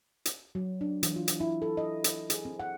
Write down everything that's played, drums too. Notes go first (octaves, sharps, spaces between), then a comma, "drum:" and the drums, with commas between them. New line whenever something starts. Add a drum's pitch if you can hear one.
drum: hi-hat
F#3
D4
E3, drum: hi-hat
F4
drum: hi-hat
E4
A4
D#5
drum: hi-hat
G#4, drum: hi-hat
C4
F#5